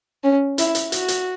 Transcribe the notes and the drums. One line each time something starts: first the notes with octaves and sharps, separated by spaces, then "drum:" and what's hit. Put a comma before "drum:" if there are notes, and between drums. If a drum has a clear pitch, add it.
C#4
E4, drum: hi-hat
drum: hi-hat
F#4, drum: hi-hat
drum: hi-hat